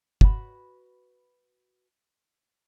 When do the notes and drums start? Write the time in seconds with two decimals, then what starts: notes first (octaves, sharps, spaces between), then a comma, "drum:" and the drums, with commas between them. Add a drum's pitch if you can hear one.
0.21 F#4 B4 B5, drum: kick